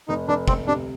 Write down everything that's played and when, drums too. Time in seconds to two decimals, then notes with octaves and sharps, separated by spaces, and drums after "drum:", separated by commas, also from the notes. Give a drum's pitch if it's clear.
0.08 F1 D#4
0.28 F1 D4
0.48 F1 C4, drum: kick
0.67 C3 D4